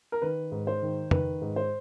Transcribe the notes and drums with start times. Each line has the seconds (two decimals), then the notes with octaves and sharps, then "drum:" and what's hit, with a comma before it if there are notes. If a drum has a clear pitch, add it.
0.12 A#4
0.22 D#3 B4
0.52 G#2
0.67 C5
0.82 D#3
1.11 D#3 B4, drum: tom
1.42 G#2
1.56 C5